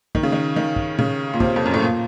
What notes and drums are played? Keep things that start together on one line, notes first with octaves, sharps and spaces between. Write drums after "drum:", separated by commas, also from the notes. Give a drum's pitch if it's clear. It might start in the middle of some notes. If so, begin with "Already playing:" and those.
D#3, drum: kick
C#3
D#3
D#3
drum: kick
C#3, drum: tom A#2
A#2
C3, drum: kick
F2
F#2
A2
A#2